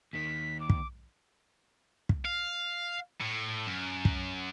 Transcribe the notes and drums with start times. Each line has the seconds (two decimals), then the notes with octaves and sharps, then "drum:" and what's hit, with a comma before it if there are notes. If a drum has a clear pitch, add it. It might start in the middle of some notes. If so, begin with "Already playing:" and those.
0.13 D#2 D#3 B6
0.60 D6
0.70 drum: kick
2.09 drum: kick
2.25 F5
3.21 A2
3.67 F#2
4.05 drum: kick